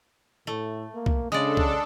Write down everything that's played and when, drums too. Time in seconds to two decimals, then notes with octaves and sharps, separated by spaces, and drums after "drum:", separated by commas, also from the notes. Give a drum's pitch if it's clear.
0.47 A2 A3
0.95 A#3
1.06 drum: kick
1.32 C#3 G#3 D4 A4 D5 D#6
1.57 drum: kick